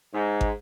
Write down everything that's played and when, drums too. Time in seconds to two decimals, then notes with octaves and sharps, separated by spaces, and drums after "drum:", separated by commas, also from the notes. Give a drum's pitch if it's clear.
0.13 G#2
0.41 drum: kick